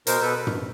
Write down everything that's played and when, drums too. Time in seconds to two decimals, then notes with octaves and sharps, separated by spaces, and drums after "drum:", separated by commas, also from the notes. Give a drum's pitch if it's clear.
0.07 B2 A#4 C5, drum: hi-hat
0.21 B2 A4 B4
0.47 drum: tom